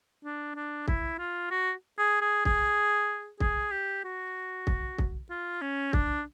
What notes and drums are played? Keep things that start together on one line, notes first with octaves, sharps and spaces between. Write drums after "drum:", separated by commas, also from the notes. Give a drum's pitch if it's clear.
D4
D4
E4, drum: kick
F4
F#4
G#4
G#4
G#4, drum: kick
G#4, drum: kick
G4
F#4
drum: kick
drum: kick
F4
C#4
D4, drum: kick